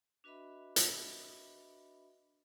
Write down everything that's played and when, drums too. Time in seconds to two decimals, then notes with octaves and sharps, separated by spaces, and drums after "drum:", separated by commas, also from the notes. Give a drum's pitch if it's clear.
0.24 D4 F#4 B4 D#5 E5 B5
0.76 drum: hi-hat